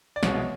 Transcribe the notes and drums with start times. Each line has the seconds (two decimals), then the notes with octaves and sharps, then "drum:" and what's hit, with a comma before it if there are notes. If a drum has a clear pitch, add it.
0.16 D5
0.23 C2 B2 G#3 C#5, drum: snare